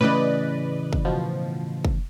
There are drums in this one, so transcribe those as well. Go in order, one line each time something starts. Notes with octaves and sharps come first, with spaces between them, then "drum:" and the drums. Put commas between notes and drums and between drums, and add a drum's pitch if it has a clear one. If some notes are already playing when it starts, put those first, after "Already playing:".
A2 C#3 E3 B4 D5 D#5
drum: kick
B2 F3
drum: kick